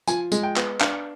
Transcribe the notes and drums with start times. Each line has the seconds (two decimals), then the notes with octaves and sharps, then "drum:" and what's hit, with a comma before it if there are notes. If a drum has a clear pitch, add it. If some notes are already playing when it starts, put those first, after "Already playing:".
0.07 F3 G#5, drum: tambourine
0.32 G#3, drum: tambourine
0.43 G5
0.56 B3, drum: clap
0.81 D4 F5, drum: clap